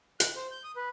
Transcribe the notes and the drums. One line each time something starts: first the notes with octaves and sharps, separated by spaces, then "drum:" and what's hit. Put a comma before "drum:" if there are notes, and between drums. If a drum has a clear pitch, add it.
F#6, drum: hi-hat
C5
G6
D#6
B4